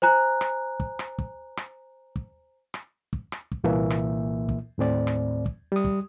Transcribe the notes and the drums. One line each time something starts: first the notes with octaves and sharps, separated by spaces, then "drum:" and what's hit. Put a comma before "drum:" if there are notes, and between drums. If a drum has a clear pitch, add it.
C5 G#5 A#5 F#6
drum: rim click
drum: kick
drum: rim click
drum: kick
drum: rim click
drum: kick
drum: rim click
drum: kick
drum: rim click
drum: kick
C2 A#2 E3 A#3 E5
drum: rim click
drum: kick
D#2 A2 C4 D5
drum: rim click
drum: kick
G3 D#6
drum: kick